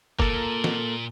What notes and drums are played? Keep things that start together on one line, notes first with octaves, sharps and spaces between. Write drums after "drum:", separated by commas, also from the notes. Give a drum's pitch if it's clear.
A#2 A#3 A4 A#4, drum: kick
drum: snare